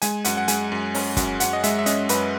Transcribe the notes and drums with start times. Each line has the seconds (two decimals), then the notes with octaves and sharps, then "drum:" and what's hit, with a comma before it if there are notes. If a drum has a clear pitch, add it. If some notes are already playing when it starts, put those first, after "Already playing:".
0.02 G#3 G#5, drum: hi-hat
0.25 F#2 F#5, drum: hi-hat
0.37 F#5
0.48 G#3 G#5, drum: hi-hat
0.72 F#2
0.95 C#4, drum: open hi-hat
1.17 F#2, drum: kick, hi-hat
1.40 F#2 F#5, drum: hi-hat
1.53 D#5
1.63 G#3 E5, drum: hi-hat
1.79 E5
1.86 C#4 D#5, drum: hi-hat
2.09 F#2 B4, drum: hi-hat